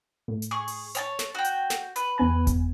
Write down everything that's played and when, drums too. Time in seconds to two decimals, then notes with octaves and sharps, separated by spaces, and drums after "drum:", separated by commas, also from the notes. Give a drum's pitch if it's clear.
0.28 A2
0.42 drum: hi-hat
0.51 G#4 C#6
0.68 drum: open hi-hat
0.95 C#5 G#5 A5, drum: hi-hat
1.19 drum: snare
1.35 F#4 G5
1.44 drum: hi-hat
1.70 drum: snare
1.96 B4, drum: hi-hat
2.18 E2 B3 G#5
2.47 drum: kick F1, hi-hat